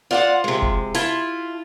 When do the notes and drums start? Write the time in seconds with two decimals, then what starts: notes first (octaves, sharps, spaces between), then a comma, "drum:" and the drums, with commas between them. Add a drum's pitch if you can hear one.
0.11 F4 C5 D5 F#5 D6
0.44 C3 G#3
0.62 drum: kick F1
0.94 E4 F4 A5 C6, drum: hi-hat